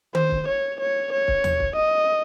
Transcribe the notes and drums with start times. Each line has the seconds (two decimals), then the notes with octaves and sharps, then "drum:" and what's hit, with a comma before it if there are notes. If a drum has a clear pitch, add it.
0.15 C5, drum: tom D#3
0.31 drum: kick
0.48 C#5
0.80 C#5
1.12 C#5
1.28 drum: kick
1.44 drum: tom D#2
1.60 drum: kick
1.76 D#5